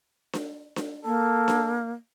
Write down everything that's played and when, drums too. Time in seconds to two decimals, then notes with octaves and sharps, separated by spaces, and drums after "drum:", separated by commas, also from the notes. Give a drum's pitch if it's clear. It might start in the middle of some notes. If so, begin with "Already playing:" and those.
0.33 drum: snare D4
0.76 drum: snare D4
1.05 A#3 A4
1.48 drum: snare D4